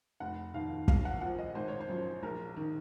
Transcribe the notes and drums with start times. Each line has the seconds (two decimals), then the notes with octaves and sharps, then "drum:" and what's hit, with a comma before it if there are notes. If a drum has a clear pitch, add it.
0.20 F1 F#5
0.54 D#2 D#3 F5
0.88 A#1 F5, drum: kick
1.05 F#5
1.21 A#2 F3 F#5
1.38 D#5
1.55 G#1 C5
1.68 C#5
1.80 C5
1.88 F#2 F3
2.23 A#1 A#4
2.56 D#3